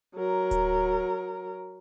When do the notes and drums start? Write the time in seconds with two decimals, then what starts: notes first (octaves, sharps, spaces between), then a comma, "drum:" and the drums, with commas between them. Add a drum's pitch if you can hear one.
0.14 F#3 A#4
0.51 drum: kick D1, hi-hat